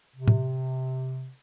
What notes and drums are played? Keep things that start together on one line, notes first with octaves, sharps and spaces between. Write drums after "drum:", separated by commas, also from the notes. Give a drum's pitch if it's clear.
C3
drum: tom A2